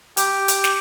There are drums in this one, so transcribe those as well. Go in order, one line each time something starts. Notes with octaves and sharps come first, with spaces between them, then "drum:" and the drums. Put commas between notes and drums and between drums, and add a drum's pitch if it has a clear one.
G4, drum: hi-hat
drum: hi-hat
drum: snare